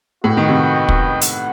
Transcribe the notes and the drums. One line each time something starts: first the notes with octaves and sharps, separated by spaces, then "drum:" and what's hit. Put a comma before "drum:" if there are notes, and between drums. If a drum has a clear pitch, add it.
A2 B3 F#4 B4 D#5 G5
D#3
C3
drum: kick
B4 F#5, drum: hi-hat